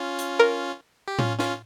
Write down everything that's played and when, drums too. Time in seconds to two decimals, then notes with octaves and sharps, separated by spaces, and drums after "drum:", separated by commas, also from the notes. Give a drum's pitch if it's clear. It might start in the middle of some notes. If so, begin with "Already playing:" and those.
Already playing: C#4 F4
0.19 drum: hi-hat
0.39 A#4
1.08 G4
1.19 C#4 F4, drum: tom A2
1.39 C#4 F4, drum: snare